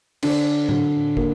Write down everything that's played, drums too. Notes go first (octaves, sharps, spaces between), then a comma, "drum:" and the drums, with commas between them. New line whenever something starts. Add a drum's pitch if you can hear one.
D3 D4, drum: cymbal
D3, drum: tom A2
A#3, drum: kick